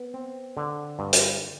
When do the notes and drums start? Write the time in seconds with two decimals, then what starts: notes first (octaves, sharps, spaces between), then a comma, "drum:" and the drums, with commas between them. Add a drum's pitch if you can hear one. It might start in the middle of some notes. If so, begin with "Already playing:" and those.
Already playing: B3
0.14 C4
0.57 D3
0.99 G2
1.13 drum: hi-hat